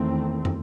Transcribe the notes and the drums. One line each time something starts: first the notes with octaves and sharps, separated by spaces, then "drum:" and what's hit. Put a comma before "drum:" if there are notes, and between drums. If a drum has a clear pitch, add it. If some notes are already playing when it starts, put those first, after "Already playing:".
Already playing: E2 D#3 A3 C4
drum: tom